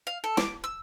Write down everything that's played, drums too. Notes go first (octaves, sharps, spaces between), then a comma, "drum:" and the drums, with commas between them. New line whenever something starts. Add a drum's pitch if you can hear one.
F5
A4
D6, drum: snare
E6